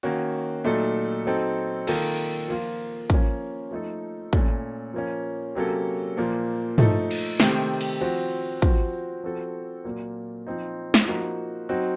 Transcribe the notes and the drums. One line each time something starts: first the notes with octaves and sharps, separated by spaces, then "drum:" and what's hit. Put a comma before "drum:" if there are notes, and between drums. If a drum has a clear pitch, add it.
D#3 A#3 C#4 F#4, drum: hi-hat
A#2 F#3 A3 D#4 A4
F#3 C4 D#4 A4
D#3 A#3 F4 A4, drum: cymbal
F3 A#3 F4
F3 A#3 C#4, drum: kick
F3 A3 D#4 A4
A#2 A3 C#4 A4, drum: kick
F3 A#3 C#4
C3 F#3 A#3 C#4 A4
A#2 F3 A#3
F3 A3 D#4 A4, drum: tom
drum: cymbal
C3 D#3 A3 C4, drum: snare
drum: cymbal
F3 C4 F#4, drum: open hi-hat
F3 C4 F#4, drum: kick
F3 C4 F#4 A4
A#2 F#3 A#3
F3 C4 D#4
drum: snare
F3 A#3 D#4 F#4
F#3 C4 D#4 F#4